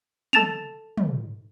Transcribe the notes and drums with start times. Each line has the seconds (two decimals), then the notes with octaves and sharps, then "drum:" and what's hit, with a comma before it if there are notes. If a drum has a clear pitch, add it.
0.33 A4 A5 A6 E7 F7, drum: tom
0.97 drum: tom